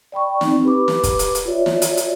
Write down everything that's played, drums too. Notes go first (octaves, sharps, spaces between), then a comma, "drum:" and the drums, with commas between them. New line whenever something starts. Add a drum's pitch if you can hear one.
D5 G5 B5 C#6
C4 D#4, drum: snare
G4 B4 B5 D6
drum: snare
drum: kick, hi-hat
drum: hi-hat
drum: hi-hat
F4 F#4 C#5 D5 E5
drum: snare
drum: hi-hat
drum: hi-hat